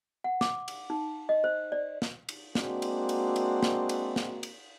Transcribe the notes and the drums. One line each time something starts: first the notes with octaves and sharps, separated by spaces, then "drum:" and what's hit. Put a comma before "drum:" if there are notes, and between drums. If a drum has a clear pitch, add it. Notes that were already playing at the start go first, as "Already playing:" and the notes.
F#5
D6, drum: snare
drum: cymbal
D#4
D#5
C5
D5
drum: snare
drum: cymbal
G#3 A#3 C4 D4 F#4, drum: snare
drum: cymbal
drum: cymbal
drum: cymbal
drum: snare
drum: cymbal
drum: snare
drum: cymbal